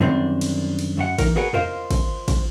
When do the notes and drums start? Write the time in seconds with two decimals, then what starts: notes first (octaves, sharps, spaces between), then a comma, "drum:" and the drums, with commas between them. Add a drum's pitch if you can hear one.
0.01 F#2 D3 D#3 G3 C4 D4
0.41 drum: cymbal
0.79 drum: cymbal
0.97 F#2 F#4 F#5
1.18 E3 D#4 A#4, drum: kick, cymbal
1.36 F#4 G#4 A#4 B4 C#5 F#5
1.53 F4 A#4 C5 D#5 F5, drum: tom E2
1.91 drum: kick, cymbal
2.28 drum: kick, cymbal